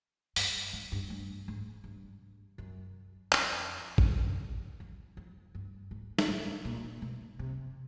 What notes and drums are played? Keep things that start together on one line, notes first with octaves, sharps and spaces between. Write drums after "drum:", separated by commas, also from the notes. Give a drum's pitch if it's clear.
G2, drum: open hi-hat
G#2
G2
G2
G#2
G2
F#2
F2, drum: clap
drum: kick A1
F2
F2
G2
G#2
drum: snare
A2
A#2
B2
C3